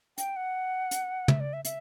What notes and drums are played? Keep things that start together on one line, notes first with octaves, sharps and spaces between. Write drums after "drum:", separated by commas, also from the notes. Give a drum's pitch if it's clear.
G5, drum: hi-hat
F#5
drum: hi-hat
E5, drum: tom
D5
E5
E5, drum: hi-hat